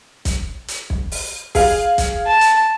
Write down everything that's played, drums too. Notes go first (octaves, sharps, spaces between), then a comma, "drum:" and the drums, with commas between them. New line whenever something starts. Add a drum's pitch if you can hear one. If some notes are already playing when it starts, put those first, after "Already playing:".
drum: kick B1, hi-hat
drum: hi-hat
drum: kick B1
drum: open hi-hat
G#4 F5, drum: kick B1, open hi-hat
drum: kick B1, hi-hat
A5
drum: hi-hat